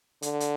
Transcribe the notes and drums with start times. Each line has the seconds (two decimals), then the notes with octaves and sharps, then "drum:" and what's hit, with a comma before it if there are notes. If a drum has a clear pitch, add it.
0.22 D3, drum: hi-hat
0.40 drum: hi-hat